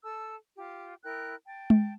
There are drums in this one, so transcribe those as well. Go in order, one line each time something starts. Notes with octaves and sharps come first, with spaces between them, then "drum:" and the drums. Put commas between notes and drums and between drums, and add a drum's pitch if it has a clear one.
A4 A5 E6
F4 G4
E4 A#4 G5 F#6
G5 A5
drum: tom G#3